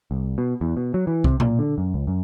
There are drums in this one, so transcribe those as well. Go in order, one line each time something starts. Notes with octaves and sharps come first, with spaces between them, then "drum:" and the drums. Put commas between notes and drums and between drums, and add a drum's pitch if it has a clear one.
C2
B2
E2
B2
F#3
E3
C3, drum: kick C2
A#2, drum: tom A#2
D3
F#2
C#2
F#2